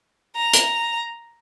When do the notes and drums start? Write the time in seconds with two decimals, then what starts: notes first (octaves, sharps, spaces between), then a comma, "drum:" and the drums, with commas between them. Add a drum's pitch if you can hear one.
0.36 A#5
0.53 drum: hi-hat